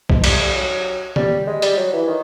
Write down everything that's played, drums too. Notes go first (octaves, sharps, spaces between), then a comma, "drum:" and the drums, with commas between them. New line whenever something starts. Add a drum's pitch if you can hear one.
G#3, drum: kick B1
G3, drum: cymbal
G3
F#3
G3, drum: tom D3
G#3
G3, drum: hi-hat
F#3
E3
D#3